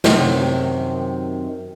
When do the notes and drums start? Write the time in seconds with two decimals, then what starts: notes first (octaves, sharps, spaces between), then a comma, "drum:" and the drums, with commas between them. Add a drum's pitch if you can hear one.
0.04 F#2 C3 D#3, drum: snare